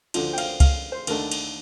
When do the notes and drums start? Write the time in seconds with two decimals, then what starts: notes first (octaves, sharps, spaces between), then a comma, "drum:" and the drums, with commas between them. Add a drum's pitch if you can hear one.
0.14 D2 D3 F3, drum: cymbal
0.33 G5
0.38 F5, drum: cymbal
0.60 F5, drum: kick C#2, cymbal
0.92 C5
1.07 D#2 D3 A3 D4 A#4, drum: cymbal
1.31 drum: cymbal